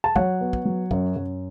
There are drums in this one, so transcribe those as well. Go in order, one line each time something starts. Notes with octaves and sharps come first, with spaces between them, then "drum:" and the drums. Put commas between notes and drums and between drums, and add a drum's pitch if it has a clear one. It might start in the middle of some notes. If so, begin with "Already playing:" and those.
A5
F#3 C#5 F#5, drum: kick
B3
drum: kick
F#3
F#2, drum: kick
F#2